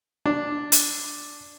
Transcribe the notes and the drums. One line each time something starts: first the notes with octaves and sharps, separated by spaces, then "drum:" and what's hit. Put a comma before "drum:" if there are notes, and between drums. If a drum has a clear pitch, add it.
D4
drum: hi-hat